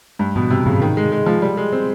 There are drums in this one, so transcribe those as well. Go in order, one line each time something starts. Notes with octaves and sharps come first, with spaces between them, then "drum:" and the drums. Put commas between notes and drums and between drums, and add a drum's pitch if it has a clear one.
G2
B2, drum: tom G#2
C3
C#3, drum: tom G#2
D#3
G#3
G#3
F3
G3
G#3
C4